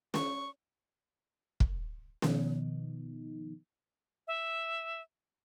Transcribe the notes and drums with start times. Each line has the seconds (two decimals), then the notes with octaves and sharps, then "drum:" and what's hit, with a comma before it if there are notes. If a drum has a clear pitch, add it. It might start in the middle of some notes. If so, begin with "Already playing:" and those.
0.14 C#6, drum: snare
1.60 drum: kick
2.22 B2 D#3 F3 B3 D#4, drum: snare
4.27 E5